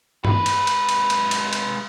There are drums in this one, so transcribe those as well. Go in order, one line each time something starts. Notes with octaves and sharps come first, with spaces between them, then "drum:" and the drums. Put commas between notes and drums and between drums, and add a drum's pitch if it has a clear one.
G#3 B4, drum: tom G2
drum: cymbal
drum: cymbal
drum: cymbal
drum: cymbal
drum: cymbal
drum: cymbal